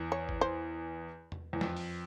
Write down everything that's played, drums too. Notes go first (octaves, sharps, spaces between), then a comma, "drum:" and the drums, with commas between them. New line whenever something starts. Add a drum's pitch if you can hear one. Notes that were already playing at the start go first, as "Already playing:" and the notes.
Already playing: E2
C#5
drum: kick
C5
drum: tom E2
E2
F2, drum: snare
drum: open hi-hat